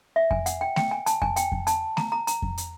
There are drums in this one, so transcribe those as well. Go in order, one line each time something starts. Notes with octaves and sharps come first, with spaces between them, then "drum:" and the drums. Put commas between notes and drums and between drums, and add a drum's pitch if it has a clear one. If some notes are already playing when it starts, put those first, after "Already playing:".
E5
G#5, drum: kick F2
F#5, drum: hi-hat
G5
G5, drum: snare A3
G#5
A5, drum: hi-hat
G#5, drum: kick F2
G5, drum: hi-hat
drum: kick F2
A5, drum: hi-hat
A#5, drum: snare A3
A#5
A#5, drum: hi-hat
drum: kick F2
drum: hi-hat